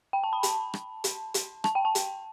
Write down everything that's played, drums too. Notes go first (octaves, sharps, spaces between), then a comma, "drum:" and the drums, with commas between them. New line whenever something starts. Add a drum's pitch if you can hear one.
G5
A5
B5
A5, drum: hi-hat
drum: rim click
drum: hi-hat
drum: hi-hat
A5, drum: rim click
G5
A5
drum: hi-hat